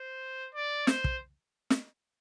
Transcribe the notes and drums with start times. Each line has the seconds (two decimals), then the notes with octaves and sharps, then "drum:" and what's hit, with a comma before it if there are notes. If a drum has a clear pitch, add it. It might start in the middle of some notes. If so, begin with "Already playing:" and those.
Already playing: C5
0.55 D5
0.87 C5, drum: snare
1.04 drum: kick
1.70 drum: snare